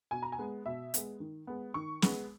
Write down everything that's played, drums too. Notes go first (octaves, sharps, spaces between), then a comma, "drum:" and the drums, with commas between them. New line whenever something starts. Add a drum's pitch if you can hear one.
B2 G#5
A#5
G#5
G#3 B3
B2 E5
G#3 B3, drum: hi-hat
D#3
G#3 B3
D#3 C#6
G#3 B3, drum: snare